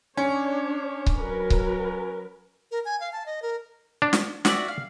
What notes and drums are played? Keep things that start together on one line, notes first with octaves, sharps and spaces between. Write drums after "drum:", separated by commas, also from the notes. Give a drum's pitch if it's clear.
C#4 D4 C#5
drum: kick C#1
F#3 A#4 B4
drum: kick C#1
A#4
G#5
F5
A5
D#5
A#4
D4
drum: snare
F#4 D5 E5, drum: snare
F5